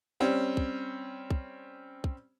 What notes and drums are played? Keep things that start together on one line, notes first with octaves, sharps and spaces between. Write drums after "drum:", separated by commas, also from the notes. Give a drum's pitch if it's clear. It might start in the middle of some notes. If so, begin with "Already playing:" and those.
G3 C4 C#4
drum: kick
drum: kick
drum: kick